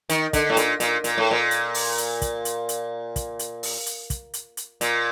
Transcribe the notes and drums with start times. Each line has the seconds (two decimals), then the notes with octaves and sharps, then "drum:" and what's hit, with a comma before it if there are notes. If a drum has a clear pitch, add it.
0.09 D#3, drum: hi-hat
0.33 D3, drum: kick, hi-hat
0.50 A2
0.57 A#2, drum: hi-hat
0.80 A#2, drum: hi-hat
1.04 A#2, drum: hi-hat
1.18 A2
1.31 A#2
1.51 drum: hi-hat
1.74 drum: open hi-hat
1.98 drum: hi-hat
2.22 drum: kick, hi-hat
2.45 drum: hi-hat
2.69 drum: hi-hat
3.16 drum: kick, hi-hat
3.39 drum: hi-hat
3.63 drum: open hi-hat
3.86 drum: hi-hat
4.10 drum: kick, hi-hat
4.34 drum: hi-hat
4.57 drum: hi-hat
4.81 A#2, drum: hi-hat